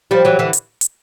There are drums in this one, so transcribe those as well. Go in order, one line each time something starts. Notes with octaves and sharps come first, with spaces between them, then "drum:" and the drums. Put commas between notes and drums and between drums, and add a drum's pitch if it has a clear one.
F3 G3
E3 F#3
D3 E3
drum: hi-hat
drum: hi-hat